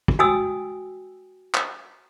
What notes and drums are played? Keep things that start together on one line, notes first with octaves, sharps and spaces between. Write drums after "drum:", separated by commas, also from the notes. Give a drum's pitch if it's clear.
drum: kick
F#4 G5 G#5 C6 D#6 E6
drum: clap